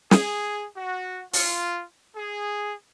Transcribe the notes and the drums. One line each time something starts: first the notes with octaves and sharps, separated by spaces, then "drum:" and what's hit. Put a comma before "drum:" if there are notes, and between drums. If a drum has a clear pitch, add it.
G#4, drum: snare
F#4
F4, drum: open hi-hat
G#4